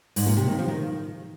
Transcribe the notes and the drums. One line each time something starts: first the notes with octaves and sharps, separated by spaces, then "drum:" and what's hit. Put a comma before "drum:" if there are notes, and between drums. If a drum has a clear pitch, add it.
G#2, drum: open hi-hat
A#2
C3
D#3
F3
D#3